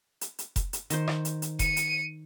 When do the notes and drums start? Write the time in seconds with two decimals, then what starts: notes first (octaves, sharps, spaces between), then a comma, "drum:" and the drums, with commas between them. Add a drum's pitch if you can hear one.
0.21 drum: hi-hat
0.39 drum: hi-hat
0.56 drum: kick F1, hi-hat
0.73 drum: hi-hat
0.90 D#3 C5, drum: hi-hat
1.08 drum: rim click
1.25 drum: hi-hat
1.42 drum: hi-hat
1.59 C#7 D#7, drum: kick F1, hi-hat
1.77 drum: hi-hat